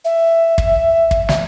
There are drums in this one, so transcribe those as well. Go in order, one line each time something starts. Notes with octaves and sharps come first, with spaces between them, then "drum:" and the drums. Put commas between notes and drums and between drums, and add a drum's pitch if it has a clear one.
E5
drum: kick
drum: kick
drum: snare